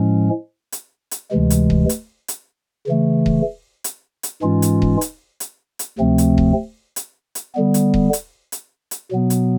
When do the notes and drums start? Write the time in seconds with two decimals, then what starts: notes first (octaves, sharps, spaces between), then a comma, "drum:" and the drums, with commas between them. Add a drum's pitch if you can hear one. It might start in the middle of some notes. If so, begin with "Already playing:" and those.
Already playing: A2 F3 G#3 C#4
0.72 drum: hi-hat
1.11 drum: hi-hat
1.31 D2 C3 E3 G#3
1.50 drum: hi-hat
1.70 drum: kick D#1
1.89 drum: hi-hat
2.28 drum: hi-hat
2.86 C#3 E3 A3
3.26 drum: kick D#1
3.84 drum: hi-hat
4.23 drum: hi-hat
4.42 G#2 E3 G#3 C#4 F4
4.62 drum: hi-hat
4.82 drum: kick D#1
5.01 drum: hi-hat
5.40 drum: hi-hat
5.79 drum: hi-hat
5.99 D2 C3 F3 A3 C4
6.18 drum: hi-hat
6.38 drum: kick D#1
6.96 drum: hi-hat
7.35 drum: hi-hat
7.55 D3 G3 B3
7.74 drum: hi-hat
7.94 drum: kick D#1
8.13 drum: hi-hat
8.52 drum: hi-hat
8.91 drum: hi-hat
9.11 B2 F#3 B3
9.30 drum: hi-hat